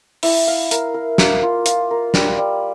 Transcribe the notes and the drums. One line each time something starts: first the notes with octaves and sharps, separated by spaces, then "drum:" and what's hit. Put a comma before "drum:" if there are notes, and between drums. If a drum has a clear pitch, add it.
E4, drum: open hi-hat
F5
A#4, drum: hi-hat
A#4
A#3, drum: snare
F4
F4, drum: hi-hat
A#4
G3, drum: snare
G3